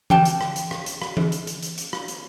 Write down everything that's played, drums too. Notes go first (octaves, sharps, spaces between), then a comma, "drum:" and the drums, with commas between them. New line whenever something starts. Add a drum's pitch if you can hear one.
G3 G5 A5, drum: tom E3
drum: hi-hat
drum: rim click
drum: hi-hat
drum: rim click
drum: hi-hat
drum: rim click
drum: tom E3
drum: hi-hat
drum: hi-hat
drum: hi-hat
drum: hi-hat
drum: rim click
drum: hi-hat